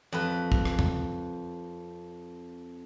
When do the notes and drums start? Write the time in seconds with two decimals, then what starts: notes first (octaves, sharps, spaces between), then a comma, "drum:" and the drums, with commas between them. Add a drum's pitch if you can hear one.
0.12 F2 B4
0.52 drum: kick
0.65 drum: rim click
0.79 drum: tom